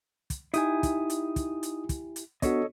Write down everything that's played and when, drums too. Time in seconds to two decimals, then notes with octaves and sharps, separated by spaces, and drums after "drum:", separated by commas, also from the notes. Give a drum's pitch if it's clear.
0.30 drum: kick, hi-hat
0.54 D#4 E4 G4 G#5 D#6, drum: hi-hat
0.83 drum: kick, hi-hat
1.10 drum: hi-hat
1.36 drum: kick, hi-hat
1.63 drum: hi-hat
1.89 drum: kick, hi-hat
2.16 drum: hi-hat
2.42 B3 D4 F#4 A4 C#5 D#5, drum: kick, hi-hat